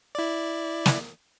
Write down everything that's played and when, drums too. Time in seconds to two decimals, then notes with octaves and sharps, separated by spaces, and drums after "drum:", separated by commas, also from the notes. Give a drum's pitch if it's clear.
0.15 E4 D5
0.86 drum: snare